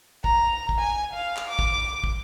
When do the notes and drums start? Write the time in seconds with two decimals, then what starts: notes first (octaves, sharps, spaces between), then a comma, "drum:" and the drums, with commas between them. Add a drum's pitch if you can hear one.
0.24 A#5, drum: kick
0.69 drum: kick
0.79 G#5
1.14 F5
1.36 drum: clap
1.49 D6
1.59 drum: kick
2.04 drum: kick